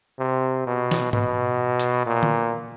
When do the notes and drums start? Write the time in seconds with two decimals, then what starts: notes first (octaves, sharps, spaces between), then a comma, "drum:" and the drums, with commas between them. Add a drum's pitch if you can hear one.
0.19 C3
0.67 B2
0.91 drum: snare
1.13 B2, drum: tom
1.79 drum: hi-hat
2.07 A#2
2.23 drum: tom D3